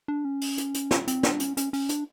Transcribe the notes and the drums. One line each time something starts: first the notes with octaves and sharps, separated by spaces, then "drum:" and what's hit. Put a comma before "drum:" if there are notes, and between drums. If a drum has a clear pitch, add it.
D4
C#4
drum: open hi-hat
drum: hi-hat
drum: hi-hat
drum: snare
C4, drum: hi-hat
D4, drum: snare
C#4, drum: hi-hat
C#4, drum: hi-hat
C#4, drum: open hi-hat
D4, drum: hi-hat